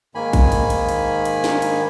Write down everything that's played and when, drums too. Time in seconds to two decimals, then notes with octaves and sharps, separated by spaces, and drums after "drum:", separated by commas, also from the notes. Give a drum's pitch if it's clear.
0.15 G#2 D#3 A#3 G#5 B5
0.33 drum: kick A1, cymbal
0.52 drum: cymbal
0.70 drum: cymbal
0.89 drum: cymbal
1.25 drum: cymbal
1.44 drum: snare
1.62 drum: cymbal